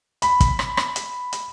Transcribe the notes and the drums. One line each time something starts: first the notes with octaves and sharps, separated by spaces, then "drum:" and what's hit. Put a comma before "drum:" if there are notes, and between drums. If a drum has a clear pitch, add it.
B5, drum: hi-hat
drum: kick, hi-hat
drum: rim click
drum: rim click
drum: hi-hat
drum: hi-hat